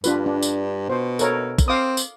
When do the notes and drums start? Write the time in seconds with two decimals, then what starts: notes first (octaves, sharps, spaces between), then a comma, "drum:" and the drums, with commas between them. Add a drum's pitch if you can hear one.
0.04 G2 D4 F4 B4, drum: tambourine
0.26 D4
0.43 drum: tambourine
0.90 B2 C5
1.19 A4 A#4 C#5, drum: tambourine
1.59 drum: kick, tambourine
1.68 C4 F5 D6 D#6
1.97 drum: tambourine